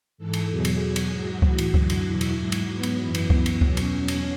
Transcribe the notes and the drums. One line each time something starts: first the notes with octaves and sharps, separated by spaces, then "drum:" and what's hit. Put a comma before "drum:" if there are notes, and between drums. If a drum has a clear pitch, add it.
G#2 E3 A4
drum: cymbal
E2 B2 F#3 G#4
drum: cymbal
E2 B2 F#3
drum: cymbal
G#2 F#3 F#4
A2 E3, drum: kick C#2
drum: cymbal
F#2 D3 F#3, drum: kick C#2
drum: cymbal
E2 B2 F#3 E4
drum: cymbal
G#2 F#3
drum: cymbal
G#2 F#3 B3
drum: cymbal
F#2 E3
drum: cymbal
F#2 E3 B3, drum: kick C#2
drum: cymbal
E2 B2 F#3 C#4, drum: kick C#2
drum: cymbal
E2 B2 F#3
drum: cymbal